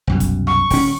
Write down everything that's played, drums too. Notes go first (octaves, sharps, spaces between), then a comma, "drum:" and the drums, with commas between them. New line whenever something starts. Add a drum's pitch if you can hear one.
C2 F#2 B2
drum: kick F1, hi-hat
C#6, drum: rim click
D#1 C#4, drum: kick F1, open hi-hat